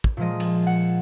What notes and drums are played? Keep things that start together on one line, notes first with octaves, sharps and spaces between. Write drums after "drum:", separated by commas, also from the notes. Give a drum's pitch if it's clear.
drum: kick
A#2 F3 G#3 D#5
drum: cymbal
F#5